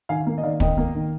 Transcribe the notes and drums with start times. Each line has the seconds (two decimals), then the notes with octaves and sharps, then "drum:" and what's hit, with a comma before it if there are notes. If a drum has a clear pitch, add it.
0.09 D#3 F5 G#5
0.27 A#3
0.38 D#5
0.43 D#3 D5 F5
0.60 A#3 D#5 G5, drum: kick
0.77 A#3
0.95 D#3